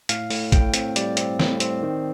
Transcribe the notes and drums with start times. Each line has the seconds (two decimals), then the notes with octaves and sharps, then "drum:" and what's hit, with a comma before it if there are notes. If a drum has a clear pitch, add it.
0.09 A2 F5, drum: hi-hat
0.30 A2, drum: open hi-hat
0.52 A2 G5, drum: kick, hi-hat
0.74 C4, drum: hi-hat
0.96 G3 D5, drum: hi-hat
1.17 C4, drum: hi-hat
1.40 A2, drum: snare
1.60 C4, drum: hi-hat
1.83 D#3